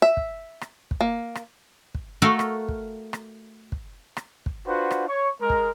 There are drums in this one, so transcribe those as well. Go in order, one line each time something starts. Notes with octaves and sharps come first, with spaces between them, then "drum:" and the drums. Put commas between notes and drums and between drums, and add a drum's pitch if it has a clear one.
E5
drum: kick
drum: rim click
drum: kick
A#3
drum: rim click
drum: kick
A3 F#4 A4 A#4 F5
drum: rim click
drum: kick
drum: rim click
drum: kick
drum: rim click
drum: kick
D4 F4 F#4 B4 C5 F#5
drum: rim click
C#5 C#6
G#3 A#4
drum: kick